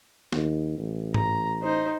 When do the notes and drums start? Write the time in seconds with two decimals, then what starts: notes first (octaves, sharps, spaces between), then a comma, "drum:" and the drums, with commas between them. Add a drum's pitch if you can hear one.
0.32 D#2, drum: snare
0.78 A1
1.14 A#5, drum: tom G#2
1.63 D#4 C5